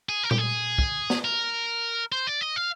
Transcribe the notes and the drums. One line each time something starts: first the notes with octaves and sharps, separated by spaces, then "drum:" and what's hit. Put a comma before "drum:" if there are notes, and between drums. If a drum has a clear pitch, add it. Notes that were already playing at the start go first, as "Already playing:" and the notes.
G#4
A#4
G4, drum: tom A#2
G#4
drum: kick
drum: snare
A#4
C5
D5
D#5
F5